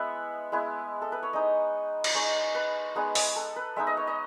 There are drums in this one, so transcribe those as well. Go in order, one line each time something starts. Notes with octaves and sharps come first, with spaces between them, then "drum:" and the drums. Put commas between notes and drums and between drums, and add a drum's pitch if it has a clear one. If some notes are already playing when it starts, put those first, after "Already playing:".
Already playing: G#3 B3 E4 E5 F#5
G#3 B3 E4
A4
B4
C#5
G#3 D#4 D#5
drum: cymbal
G#3 D#4 C#5
B4
G#3 B3 D#4 G#4
G#4, drum: open hi-hat
A4
B4
G#3 B3 D#4 E5
D#5
C#5
D#5